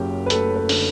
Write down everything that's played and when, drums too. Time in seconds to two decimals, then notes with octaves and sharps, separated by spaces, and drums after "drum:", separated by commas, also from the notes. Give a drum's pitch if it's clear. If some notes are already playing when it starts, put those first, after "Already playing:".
Already playing: F#1 F#2 G4
0.26 B4
0.30 A3 A4, drum: hi-hat
0.56 B4
0.69 D3, drum: open hi-hat